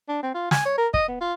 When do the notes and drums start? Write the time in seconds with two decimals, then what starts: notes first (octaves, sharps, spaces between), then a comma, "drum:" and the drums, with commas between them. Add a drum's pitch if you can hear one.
0.09 D4
0.23 C4
0.34 F4
0.51 G#5, drum: snare
0.65 C#5
0.78 A#4
0.94 D#5, drum: kick
1.08 B3
1.21 F4